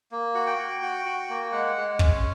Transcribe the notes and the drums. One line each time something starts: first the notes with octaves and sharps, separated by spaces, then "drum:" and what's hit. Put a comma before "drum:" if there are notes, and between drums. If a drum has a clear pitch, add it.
A#3
F#4
G5
F#4
F#4
F#4
A#3
G#3 F#5
G#3
C#4, drum: kick